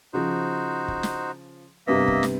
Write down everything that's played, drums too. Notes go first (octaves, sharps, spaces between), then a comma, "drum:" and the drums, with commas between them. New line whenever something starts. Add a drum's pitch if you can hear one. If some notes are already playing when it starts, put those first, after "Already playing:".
C#3 F3 D#4 F#4 C5
drum: kick
drum: snare
G2 C3 A#3 B3 D#5 E5
drum: kick
drum: snare